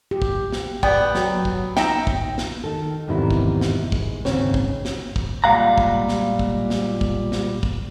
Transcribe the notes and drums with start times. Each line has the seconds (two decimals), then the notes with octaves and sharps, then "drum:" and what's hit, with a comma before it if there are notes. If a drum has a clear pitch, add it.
0.11 G4
0.22 drum: kick
0.53 drum: snare
0.83 B3 D5 G5, drum: kick
1.15 F#3, drum: snare
1.45 drum: kick
1.77 D#4 E5 G5 A#5, drum: snare
2.07 drum: kick
2.38 drum: snare
2.64 D#3 A4
3.08 E2 G#2 C3 D#3 G3 E4
3.30 drum: kick
3.61 drum: snare
3.92 G#3, drum: kick
4.25 D#2 G#2 C#3 C4 C#4 C#5, drum: snare
4.54 drum: kick
4.85 drum: snare
5.16 drum: kick
5.44 A#2 G3 G#3 F5 F#5 A#5
5.78 drum: kick
6.08 drum: snare
6.39 drum: kick
6.70 drum: snare
7.01 drum: kick
7.32 drum: snare
7.63 drum: kick